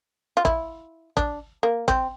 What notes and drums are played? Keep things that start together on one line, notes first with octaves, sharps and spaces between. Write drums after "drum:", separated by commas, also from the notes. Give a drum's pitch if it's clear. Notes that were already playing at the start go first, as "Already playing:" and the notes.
F4
E4, drum: kick
D4, drum: kick
A#3
C4, drum: kick